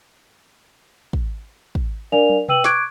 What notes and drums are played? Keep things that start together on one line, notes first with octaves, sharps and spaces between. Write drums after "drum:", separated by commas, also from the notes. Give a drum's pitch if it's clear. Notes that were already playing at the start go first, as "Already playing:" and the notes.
drum: kick
drum: kick
D4 A#4 D5 F5 G#5 F7
drum: tom
B4 G5 E6 D#7 F#7, drum: tom B2
C#6 D6 F#6 G#6 D7, drum: snare